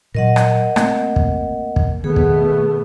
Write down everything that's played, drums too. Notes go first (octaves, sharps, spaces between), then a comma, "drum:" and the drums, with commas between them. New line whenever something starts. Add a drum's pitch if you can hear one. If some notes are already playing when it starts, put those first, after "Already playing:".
A#2 F#3 A#4 D#5 F#5
drum: rim click
A3 A#3 C4, drum: rim click
drum: kick
drum: kick
B2 D#3 A3 B3 G#4
drum: kick